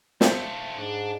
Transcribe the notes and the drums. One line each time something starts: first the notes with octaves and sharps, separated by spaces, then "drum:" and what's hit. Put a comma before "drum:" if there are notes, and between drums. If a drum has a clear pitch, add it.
A3 F4 C5 D5 E5, drum: snare
G#2 D4